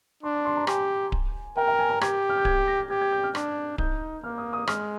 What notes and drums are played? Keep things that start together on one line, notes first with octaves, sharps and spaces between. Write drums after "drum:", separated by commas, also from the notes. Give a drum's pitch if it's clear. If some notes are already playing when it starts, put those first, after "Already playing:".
D4 C6
C6
C6
A#5
G4 G#5, drum: rim click
drum: kick D1
A#4 G5
G5
G#5
A#5
G4 G#6, drum: rim click
F6
G6
G#6, drum: kick D1
A#6
G4 G#6
G#6
G6
F6
D4, drum: rim click
D#4 G6, drum: kick D1
A#3 F6
D#6
D#6
G#3 F6, drum: rim click